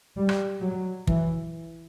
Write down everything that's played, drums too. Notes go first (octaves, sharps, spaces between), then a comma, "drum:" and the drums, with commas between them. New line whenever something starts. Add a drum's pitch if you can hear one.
G3
drum: rim click
F#3
E3, drum: kick